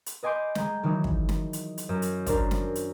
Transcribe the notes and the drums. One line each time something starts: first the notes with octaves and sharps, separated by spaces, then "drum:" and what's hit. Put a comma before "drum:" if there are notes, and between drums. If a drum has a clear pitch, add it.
drum: hi-hat
B4 D#5 G#5 C6 D6 G6
G#3 G#5 A#5 G6, drum: snare
D#3 E3 F#3 G#3 D#4
drum: kick
drum: snare
drum: hi-hat
drum: hi-hat
F#2
drum: hi-hat
D4 A#4 C5 D5, drum: kick, hi-hat
drum: snare
drum: hi-hat